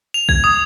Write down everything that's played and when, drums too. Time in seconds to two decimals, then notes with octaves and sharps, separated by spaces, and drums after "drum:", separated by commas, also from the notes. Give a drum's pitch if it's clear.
0.14 F7
0.29 G#6, drum: kick
0.44 D#6